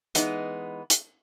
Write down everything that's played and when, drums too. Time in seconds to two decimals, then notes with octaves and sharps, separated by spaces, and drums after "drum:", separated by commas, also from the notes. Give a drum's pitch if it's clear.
0.15 E3 G#3 B3 D#4, drum: hi-hat
0.90 drum: hi-hat